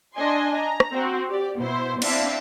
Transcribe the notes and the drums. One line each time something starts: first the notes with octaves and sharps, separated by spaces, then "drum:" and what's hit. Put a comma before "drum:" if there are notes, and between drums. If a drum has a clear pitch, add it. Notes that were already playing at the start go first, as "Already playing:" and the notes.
D4 D#5 G#5 C6
A#5
drum: rim click
C4 F#4
G4 D5
B2 E4 C5
C4 D4 E4 D5 E5 F5, drum: cymbal